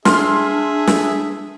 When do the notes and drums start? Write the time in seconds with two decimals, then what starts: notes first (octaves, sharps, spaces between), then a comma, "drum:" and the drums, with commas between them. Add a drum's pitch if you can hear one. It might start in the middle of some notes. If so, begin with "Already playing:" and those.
0.05 D4 G#4 E5 C6 F6, drum: snare
0.87 drum: snare